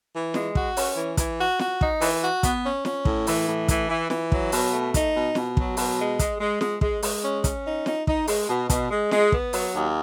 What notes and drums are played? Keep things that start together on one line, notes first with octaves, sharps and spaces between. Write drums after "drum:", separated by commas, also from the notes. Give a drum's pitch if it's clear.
E3
G#3, drum: snare
F#4, drum: kick
C#4, drum: open hi-hat
E3
E3, drum: kick, hi-hat
F#4
F#4, drum: snare
D#4, drum: kick
E3, drum: open hi-hat
F#4
B3, drum: kick, hi-hat
C#4
C#4, drum: snare
A2, drum: kick
E3, drum: open hi-hat
A2
E3, drum: kick, hi-hat
E3
E3, drum: snare
F#3, drum: kick
B2, drum: open hi-hat
A3
D#4, drum: kick, hi-hat
B2
B2, drum: snare
F#3, drum: kick
B2, drum: open hi-hat
G#3
G#3, drum: kick, hi-hat
G#3
G#3, drum: snare
G#3, drum: kick
G#3, drum: open hi-hat
C#4
C#4, drum: kick, hi-hat
D#4
D#4, drum: snare
D#4, drum: kick
G#3, drum: open hi-hat
B2
B2, drum: kick, hi-hat
G#3
G#3, drum: snare
B3, drum: kick
F#3, drum: open hi-hat
D#2